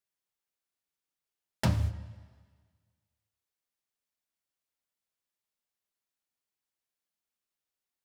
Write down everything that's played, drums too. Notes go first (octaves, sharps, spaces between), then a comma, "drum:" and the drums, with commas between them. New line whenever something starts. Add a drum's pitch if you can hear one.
D4 A#5 G6
drum: tom
F#4
D3
C3
F#5
E4
F3 G#5
G#3
A#2 C#3
F#2 D#3
D#5
E5